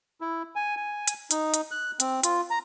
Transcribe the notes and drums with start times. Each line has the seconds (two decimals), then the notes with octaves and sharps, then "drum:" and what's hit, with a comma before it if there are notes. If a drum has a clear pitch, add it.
0.21 E4
0.56 G#5
0.76 G#5
1.08 drum: hi-hat
1.31 D#4, drum: hi-hat
1.54 drum: hi-hat
1.71 F#6
2.00 C4, drum: hi-hat
2.23 F4, drum: hi-hat
2.50 A#5